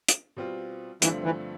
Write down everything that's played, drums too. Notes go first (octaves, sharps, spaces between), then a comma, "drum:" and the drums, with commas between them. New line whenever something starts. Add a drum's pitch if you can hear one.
drum: hi-hat
B2 G3 C4 F4
G2 D3 E3 F3 A3 C4, drum: hi-hat
E3